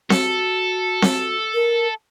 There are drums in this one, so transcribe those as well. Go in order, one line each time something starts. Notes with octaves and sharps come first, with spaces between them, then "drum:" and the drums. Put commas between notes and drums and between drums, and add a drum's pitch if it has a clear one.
F#4 A4, drum: snare C4
drum: snare C4
A#4